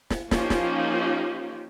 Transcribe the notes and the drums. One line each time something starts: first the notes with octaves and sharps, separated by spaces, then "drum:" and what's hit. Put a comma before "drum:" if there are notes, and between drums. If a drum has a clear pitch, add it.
drum: snare
F3 A#3 C#4 D#4 F4 G4, drum: snare
drum: snare